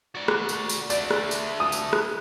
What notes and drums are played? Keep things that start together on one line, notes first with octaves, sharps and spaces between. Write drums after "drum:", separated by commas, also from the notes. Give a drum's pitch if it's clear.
F#4 D5
drum: rim click
drum: tambourine
drum: tambourine
A3 D4 D5, drum: tambourine
drum: rim click
drum: tambourine
D#6
drum: tambourine
drum: rim click